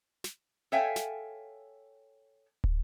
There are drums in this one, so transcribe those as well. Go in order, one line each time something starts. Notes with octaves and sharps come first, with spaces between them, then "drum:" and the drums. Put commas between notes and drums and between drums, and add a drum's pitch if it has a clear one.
drum: snare
A4 C#5 E5 F5 G5 G#5
drum: snare
drum: kick